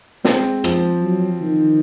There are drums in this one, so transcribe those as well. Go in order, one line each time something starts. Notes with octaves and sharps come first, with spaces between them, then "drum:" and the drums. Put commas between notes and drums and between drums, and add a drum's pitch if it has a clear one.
G#3 C4, drum: snare
F3, drum: rim click
F#3
D#3